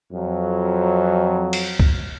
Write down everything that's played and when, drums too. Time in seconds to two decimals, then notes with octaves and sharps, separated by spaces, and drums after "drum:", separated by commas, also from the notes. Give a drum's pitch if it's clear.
0.12 F2 F#3
1.53 drum: cymbal
1.80 drum: kick C#2